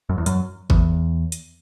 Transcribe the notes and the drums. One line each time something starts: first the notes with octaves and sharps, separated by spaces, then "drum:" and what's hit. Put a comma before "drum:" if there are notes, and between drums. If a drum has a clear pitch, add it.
F#2
E2
F#2, drum: hi-hat
E2, drum: kick G#1
drum: hi-hat